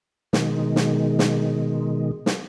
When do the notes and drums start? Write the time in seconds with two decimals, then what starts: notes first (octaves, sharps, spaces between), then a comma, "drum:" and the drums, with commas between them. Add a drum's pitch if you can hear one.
0.33 B2 D#3 G#3, drum: snare
0.76 drum: snare
1.19 drum: snare
2.26 drum: snare